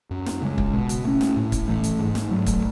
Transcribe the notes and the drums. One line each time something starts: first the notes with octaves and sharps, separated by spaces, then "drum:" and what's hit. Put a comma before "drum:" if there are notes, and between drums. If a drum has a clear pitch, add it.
F#2
drum: snare
C#3 G#3
drum: kick
B2
drum: hi-hat
A3 C#4
drum: snare
A2
drum: kick, hi-hat
E3 A3
drum: hi-hat
G#2
drum: snare
F#3 A3
drum: kick, hi-hat